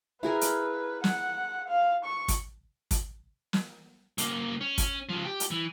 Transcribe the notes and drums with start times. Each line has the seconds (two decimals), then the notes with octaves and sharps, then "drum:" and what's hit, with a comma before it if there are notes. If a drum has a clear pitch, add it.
0.23 E4 G#4 A#4 B4
0.41 drum: hi-hat
1.04 F#5, drum: snare
1.69 F5
2.05 C#6
2.28 drum: kick, hi-hat
2.91 drum: kick, hi-hat
3.53 drum: snare
4.18 C#3 A#3, drum: hi-hat
4.61 C#4
4.78 drum: kick, hi-hat
5.09 C#3 F3
5.25 G4
5.40 drum: hi-hat
5.51 E3